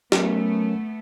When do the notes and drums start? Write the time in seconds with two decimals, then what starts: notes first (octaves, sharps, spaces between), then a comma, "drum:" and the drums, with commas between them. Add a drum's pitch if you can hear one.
0.12 F#3 A3 B3 C#4 A#4, drum: snare